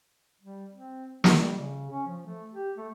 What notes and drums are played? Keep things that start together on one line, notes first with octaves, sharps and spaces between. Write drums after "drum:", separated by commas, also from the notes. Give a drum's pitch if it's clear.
G3
C4
A3, drum: snare
G3
C#3
C#4
F3
A3
G4
A3